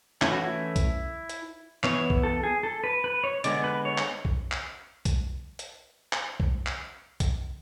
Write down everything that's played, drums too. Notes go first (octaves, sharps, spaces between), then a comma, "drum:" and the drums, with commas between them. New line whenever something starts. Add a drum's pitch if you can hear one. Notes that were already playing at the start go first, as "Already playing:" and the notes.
E3 A3 C#4 E4, drum: clap
F#4
E4
drum: kick, hi-hat
drum: hi-hat
E3 B3 C#5, drum: clap
drum: kick
A4
G#4
A4
B4
B4
C#5
D3 G#3 B3 D5, drum: hi-hat
B4
C#5
drum: clap
drum: kick
drum: clap
drum: kick, hi-hat
drum: hi-hat
drum: clap
drum: kick
drum: clap
drum: kick, hi-hat